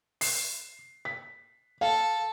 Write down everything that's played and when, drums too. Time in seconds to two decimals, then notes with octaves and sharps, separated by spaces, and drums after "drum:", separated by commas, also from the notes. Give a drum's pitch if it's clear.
0.21 C7, drum: open hi-hat
1.05 B6
1.81 A4 F5